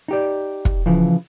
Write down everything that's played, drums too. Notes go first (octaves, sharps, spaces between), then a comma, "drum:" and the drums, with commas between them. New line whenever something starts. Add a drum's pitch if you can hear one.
D#4 G4 D5
drum: kick
C#3 E3 F3